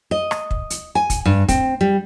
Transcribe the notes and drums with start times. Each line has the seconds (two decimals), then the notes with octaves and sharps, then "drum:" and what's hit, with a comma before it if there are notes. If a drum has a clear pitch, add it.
0.11 D#5
0.31 drum: rim click
0.51 drum: kick
0.70 drum: hi-hat
0.95 G#5
1.10 drum: kick, hi-hat
1.25 G2
1.48 C4, drum: kick, hi-hat
1.81 G3